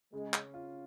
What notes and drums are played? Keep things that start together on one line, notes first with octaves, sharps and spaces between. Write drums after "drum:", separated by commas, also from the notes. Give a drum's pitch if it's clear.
C#3 G#3
C#4, drum: clap
F4